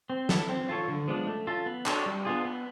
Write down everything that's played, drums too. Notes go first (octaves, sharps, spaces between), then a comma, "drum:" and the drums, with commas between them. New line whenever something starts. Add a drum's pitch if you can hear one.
C4
E4 A4, drum: snare
C4
F4 A4 C#5
D3
F3 G#3 B3 D4
A3
C#4 F4 A4
B3
D4 F#4 A4 C#5, drum: clap
G3
B3 D4 F4 G#4
B3